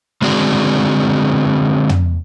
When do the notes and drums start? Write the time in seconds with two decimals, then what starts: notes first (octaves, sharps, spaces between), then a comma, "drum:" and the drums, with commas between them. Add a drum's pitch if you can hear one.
0.22 D3 G#3 C4 D4 F#4 G#4
1.89 drum: tom